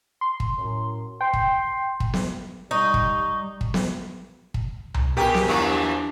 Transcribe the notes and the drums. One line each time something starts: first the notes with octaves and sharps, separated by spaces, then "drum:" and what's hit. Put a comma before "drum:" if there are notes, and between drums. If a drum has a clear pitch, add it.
C6
drum: kick
F#2 A2
G5 C6
drum: kick
drum: kick
drum: snare B3
G3 D#4 C#6
drum: kick
drum: kick
drum: snare B3
drum: kick
drum: tom C2
G2 B2 G4 G#4 A#4 G5
drum: snare B3
E2 E3 F3 D4